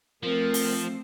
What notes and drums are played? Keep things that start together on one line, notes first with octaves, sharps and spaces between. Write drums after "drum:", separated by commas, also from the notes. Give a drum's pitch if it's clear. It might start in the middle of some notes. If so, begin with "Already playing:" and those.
F3 A3 C4 A#4
drum: open hi-hat